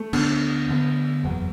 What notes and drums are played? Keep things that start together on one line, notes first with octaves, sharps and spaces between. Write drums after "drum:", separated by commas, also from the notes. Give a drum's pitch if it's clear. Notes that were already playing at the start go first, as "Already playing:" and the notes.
Already playing: A3
D2 D3 B3 D4, drum: cymbal
D2 D3 B3
F#1 E2 B2 F#3